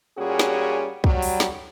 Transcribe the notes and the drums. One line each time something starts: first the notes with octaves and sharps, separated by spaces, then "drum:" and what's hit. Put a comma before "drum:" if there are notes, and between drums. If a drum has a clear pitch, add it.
A#2 G3 C#4 F#4 G#4
drum: snare
F#3 G3, drum: kick
drum: open hi-hat
drum: snare